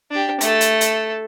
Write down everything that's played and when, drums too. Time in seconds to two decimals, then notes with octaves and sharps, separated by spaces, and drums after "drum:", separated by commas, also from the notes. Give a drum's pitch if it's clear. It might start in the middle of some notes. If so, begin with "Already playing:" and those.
0.11 D4 G4
0.41 A3 A4, drum: hi-hat
0.61 drum: hi-hat
0.81 drum: hi-hat